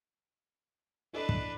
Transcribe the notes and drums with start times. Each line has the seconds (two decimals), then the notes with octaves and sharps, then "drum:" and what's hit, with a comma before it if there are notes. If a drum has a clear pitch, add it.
1.13 D4 E4 A4 B4 D#5
1.29 drum: kick